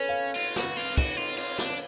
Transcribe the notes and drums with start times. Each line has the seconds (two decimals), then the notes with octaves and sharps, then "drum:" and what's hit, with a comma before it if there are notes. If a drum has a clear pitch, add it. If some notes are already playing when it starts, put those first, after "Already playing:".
Already playing: C#4 A4 B4 C#5
0.09 F5
0.35 F4, drum: cymbal
0.56 F#4, drum: snare
0.76 F4, drum: cymbal
0.97 F#4, drum: kick, cymbal
1.18 F4
1.38 F4, drum: cymbal
1.58 D4, drum: snare